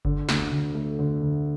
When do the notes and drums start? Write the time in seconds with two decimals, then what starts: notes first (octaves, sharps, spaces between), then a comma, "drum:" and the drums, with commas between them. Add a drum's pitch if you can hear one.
0.05 D3, drum: kick F#1
0.29 D2, drum: snare
0.51 D2
0.75 A3
0.99 D3
1.22 D2